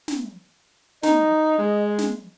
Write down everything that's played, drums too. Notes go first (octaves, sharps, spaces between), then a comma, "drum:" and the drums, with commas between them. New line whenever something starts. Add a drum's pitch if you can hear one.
drum: snare
D#4 D#5, drum: snare
G#3
drum: snare